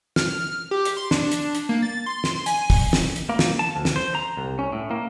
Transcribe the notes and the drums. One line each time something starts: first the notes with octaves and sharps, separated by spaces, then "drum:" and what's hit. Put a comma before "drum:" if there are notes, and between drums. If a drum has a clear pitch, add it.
F6, drum: snare
G4
drum: hi-hat
C6
D4, drum: snare
drum: hi-hat
drum: hi-hat
A#3
A6
C6
drum: snare
G#5, drum: hi-hat
drum: kick, open hi-hat
drum: snare
drum: hi-hat
A#3
drum: snare
A5
D2
drum: snare
C5
A#5
C2
C#4
A2
A#3